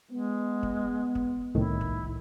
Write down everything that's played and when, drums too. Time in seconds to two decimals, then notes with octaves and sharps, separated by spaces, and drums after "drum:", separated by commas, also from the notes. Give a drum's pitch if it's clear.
0.11 G#3 B3
0.63 drum: kick
1.15 drum: kick
1.55 C2 A2 D#3 E4
1.81 drum: kick